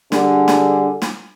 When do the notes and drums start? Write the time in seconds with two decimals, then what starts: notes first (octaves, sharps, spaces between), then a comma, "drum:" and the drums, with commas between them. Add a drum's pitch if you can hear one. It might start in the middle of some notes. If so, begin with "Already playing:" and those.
0.12 D3 G3 D4 G#4 A4, drum: snare
0.48 drum: snare
1.02 drum: snare